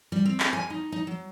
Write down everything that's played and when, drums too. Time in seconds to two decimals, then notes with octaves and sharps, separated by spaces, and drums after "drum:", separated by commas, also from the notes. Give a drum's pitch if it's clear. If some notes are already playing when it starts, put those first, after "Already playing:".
0.12 G3
0.26 C4
0.40 drum: clap
0.53 G#5
0.70 D#4
0.92 D#4
1.07 F#3